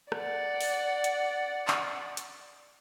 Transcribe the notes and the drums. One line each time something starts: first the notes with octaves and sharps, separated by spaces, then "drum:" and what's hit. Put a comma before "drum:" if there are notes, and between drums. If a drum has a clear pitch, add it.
D5 F#5, drum: rim click
drum: open hi-hat
drum: hi-hat
drum: clap
drum: hi-hat